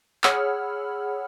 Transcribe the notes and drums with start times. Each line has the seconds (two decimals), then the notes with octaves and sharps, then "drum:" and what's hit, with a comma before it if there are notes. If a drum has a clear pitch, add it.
0.24 G#4 C#5 F#5 B5 E6 F6, drum: clap